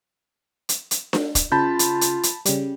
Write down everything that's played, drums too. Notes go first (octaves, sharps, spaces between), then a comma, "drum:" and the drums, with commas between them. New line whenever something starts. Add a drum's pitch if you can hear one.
drum: hi-hat
drum: hi-hat
drum: snare D4
drum: kick, hi-hat
C#3 F4 A5 B5 G6
drum: hi-hat
drum: hi-hat
drum: hi-hat
C#3 G3, drum: hi-hat